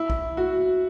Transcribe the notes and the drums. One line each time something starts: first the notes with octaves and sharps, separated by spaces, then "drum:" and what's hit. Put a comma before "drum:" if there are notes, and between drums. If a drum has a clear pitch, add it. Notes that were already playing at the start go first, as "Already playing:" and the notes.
Already playing: E4
drum: kick B1
F#4